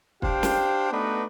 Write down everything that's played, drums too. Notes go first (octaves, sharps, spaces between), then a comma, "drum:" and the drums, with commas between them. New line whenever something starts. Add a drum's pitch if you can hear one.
D4 G4 C5 F5 G5, drum: kick
drum: snare
A3 B3 D4 D#4 F#4 B4